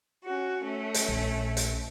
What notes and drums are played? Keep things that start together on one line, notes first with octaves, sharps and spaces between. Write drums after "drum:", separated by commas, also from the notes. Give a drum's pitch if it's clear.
C#4 F#4
A3 C#4
drum: hi-hat
A#1
drum: hi-hat